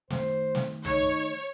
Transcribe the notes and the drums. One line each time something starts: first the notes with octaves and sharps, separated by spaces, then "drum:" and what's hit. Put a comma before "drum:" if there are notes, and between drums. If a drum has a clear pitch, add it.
D#3 A3 C5, drum: snare
drum: snare
D#4 C#5, drum: tom C2